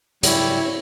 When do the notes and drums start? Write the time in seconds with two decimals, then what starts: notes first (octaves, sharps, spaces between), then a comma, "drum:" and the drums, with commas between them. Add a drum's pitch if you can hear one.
0.23 G#2 C#3 F#3 G3 E4 C#5, drum: hi-hat